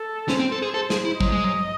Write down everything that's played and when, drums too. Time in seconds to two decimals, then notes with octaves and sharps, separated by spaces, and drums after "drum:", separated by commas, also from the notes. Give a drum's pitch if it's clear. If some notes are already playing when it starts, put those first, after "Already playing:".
Already playing: A4
0.28 C#4 C5, drum: snare
0.39 C4
0.52 A4
0.62 G#4
0.74 A4
0.90 G#4, drum: snare
1.05 E4
1.20 F#3 D#5, drum: kick
1.32 G#3
1.44 F#3